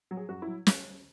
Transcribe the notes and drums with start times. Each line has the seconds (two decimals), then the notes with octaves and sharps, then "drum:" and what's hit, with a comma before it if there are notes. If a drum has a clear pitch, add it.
0.11 F#3
0.17 G#4
0.29 F#2 F#4
0.42 E4
0.47 F#3
0.67 drum: snare